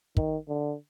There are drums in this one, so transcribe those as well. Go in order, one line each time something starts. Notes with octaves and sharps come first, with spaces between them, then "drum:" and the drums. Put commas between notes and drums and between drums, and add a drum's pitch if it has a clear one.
D#3, drum: kick
D3